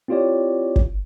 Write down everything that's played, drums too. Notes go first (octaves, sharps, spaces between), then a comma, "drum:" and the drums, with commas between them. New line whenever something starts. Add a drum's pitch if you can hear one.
C4 E4 F4 G4 C#5 D5
drum: kick